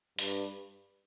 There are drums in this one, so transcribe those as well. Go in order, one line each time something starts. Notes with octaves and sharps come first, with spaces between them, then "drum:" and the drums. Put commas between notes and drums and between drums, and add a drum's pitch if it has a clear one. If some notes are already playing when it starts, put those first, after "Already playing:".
G2, drum: hi-hat